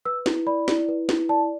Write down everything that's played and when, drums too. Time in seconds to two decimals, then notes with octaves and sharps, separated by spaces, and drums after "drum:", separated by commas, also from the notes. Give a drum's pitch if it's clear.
0.05 B4 E6
0.26 E4, drum: snare
0.47 D5 B5
0.68 E4, drum: snare
0.89 B4
1.09 E4, drum: snare
1.29 D5 A5